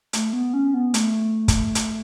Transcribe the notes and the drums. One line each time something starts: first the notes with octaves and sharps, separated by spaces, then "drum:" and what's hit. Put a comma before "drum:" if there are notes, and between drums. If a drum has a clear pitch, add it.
A3, drum: hi-hat
B3
C#4
B3
A3, drum: hi-hat
drum: kick, hi-hat
drum: hi-hat